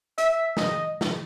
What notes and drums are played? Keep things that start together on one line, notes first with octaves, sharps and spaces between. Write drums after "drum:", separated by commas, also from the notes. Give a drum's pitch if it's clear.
E5, drum: hi-hat
D#5, drum: snare
drum: snare